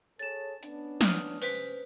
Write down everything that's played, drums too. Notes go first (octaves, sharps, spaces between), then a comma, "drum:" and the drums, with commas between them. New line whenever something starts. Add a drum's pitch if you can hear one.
G#4 A4 C#5 A6 E7
B3 C#4 D4, drum: hi-hat
D#6 F6, drum: snare F3
C3 C#4 B4 C5 B6, drum: open hi-hat